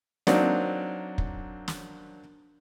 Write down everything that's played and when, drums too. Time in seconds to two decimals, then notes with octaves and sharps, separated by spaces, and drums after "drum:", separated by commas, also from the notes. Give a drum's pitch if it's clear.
0.27 F#3 A#3 C4 D4 D#4, drum: snare
1.18 drum: kick
1.68 drum: snare